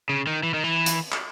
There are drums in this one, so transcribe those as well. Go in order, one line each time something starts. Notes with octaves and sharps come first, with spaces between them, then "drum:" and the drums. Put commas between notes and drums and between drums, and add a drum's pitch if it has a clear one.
C#3
D#3
E3
D#3
E3
drum: hi-hat
drum: clap